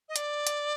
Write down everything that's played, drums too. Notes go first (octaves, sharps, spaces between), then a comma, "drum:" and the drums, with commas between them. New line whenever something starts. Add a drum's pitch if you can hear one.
D#5
D5, drum: hi-hat
drum: hi-hat